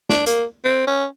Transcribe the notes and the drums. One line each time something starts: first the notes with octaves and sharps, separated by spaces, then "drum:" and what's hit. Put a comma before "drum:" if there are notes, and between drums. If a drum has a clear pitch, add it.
D4, drum: snare
A#3, drum: hi-hat
C4
C#4